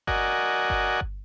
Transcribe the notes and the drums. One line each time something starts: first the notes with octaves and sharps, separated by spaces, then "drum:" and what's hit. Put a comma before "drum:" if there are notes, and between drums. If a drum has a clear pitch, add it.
F#4 A#4 D5 D#5 F#5 G#5, drum: kick G1
drum: kick G1
drum: kick G1